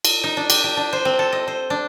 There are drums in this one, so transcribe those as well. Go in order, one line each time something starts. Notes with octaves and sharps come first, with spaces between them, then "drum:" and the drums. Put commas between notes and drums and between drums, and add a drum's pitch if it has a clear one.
drum: cymbal
D#4
D4
G4, drum: cymbal
G4
D4
C5
C4
A4
D#5
C5
D4